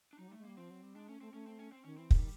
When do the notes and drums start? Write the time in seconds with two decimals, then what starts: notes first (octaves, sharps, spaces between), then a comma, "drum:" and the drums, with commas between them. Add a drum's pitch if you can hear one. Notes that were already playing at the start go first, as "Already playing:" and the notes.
0.13 D4
0.18 F#3 D#4
0.28 G3 A3
0.38 G#3
0.44 G3 A#3
0.57 F3 C4
0.70 F#3
0.83 G3
0.95 G#3 D4
1.09 A3 C#4
1.21 A3 C4
1.33 A3 C#4
1.47 C4
1.59 C#4
1.72 C4
1.85 D#3 C#4
1.97 E3 C4
2.11 D#3 G3, drum: kick